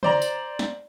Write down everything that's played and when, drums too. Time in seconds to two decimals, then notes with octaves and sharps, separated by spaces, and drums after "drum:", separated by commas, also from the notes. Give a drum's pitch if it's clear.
0.03 C5 D5 A#5, drum: tom C#3
0.22 drum: tambourine
0.59 drum: snare